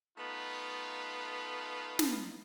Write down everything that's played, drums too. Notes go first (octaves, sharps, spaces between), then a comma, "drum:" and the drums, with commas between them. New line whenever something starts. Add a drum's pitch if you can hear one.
A3 B3 D#4 F4
drum: snare